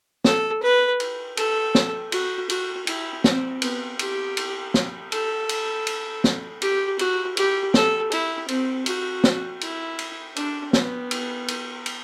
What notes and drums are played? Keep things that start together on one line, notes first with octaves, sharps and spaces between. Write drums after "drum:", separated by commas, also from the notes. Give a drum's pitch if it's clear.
A4, drum: snare
B4
drum: cymbal
A4, drum: cymbal
drum: snare
F#4, drum: cymbal
F#4, drum: cymbal
E4, drum: cymbal
C4, drum: snare
B3, drum: cymbal
G4, drum: cymbal
drum: cymbal
drum: snare
A4, drum: cymbal
drum: cymbal
drum: cymbal
drum: snare
G4, drum: cymbal
F#4, drum: cymbal
G4, drum: cymbal
A4, drum: snare
E4, drum: cymbal
C4, drum: cymbal
F#4, drum: cymbal
drum: snare
E4, drum: cymbal
drum: cymbal
D4, drum: cymbal
B3, drum: snare
drum: cymbal
drum: cymbal
drum: cymbal